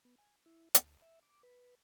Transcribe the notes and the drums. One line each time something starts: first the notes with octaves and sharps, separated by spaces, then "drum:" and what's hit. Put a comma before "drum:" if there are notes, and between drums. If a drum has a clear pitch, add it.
B3
G#5
E4
D2, drum: hi-hat
E5
D6
B4